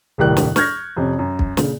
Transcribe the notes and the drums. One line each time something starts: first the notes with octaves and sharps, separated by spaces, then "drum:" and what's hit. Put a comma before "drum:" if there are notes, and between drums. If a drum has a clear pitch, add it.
D#1 C2 A2 G4 A#4 F#6
drum: snare
C#6 F6 G6 G#6 A#6, drum: snare
F2 C3 C#4
F#2
drum: kick
A#2 C#3, drum: snare